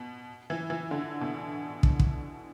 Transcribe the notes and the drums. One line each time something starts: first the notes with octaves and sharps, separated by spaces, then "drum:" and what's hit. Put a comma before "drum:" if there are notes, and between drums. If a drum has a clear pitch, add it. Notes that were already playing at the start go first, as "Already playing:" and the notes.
Already playing: B2
E3
E3
D3
B2
drum: kick
drum: kick